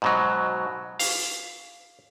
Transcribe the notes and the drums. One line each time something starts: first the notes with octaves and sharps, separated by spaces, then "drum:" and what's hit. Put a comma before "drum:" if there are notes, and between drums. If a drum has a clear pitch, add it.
G#2 B2 F#3
F5, drum: open hi-hat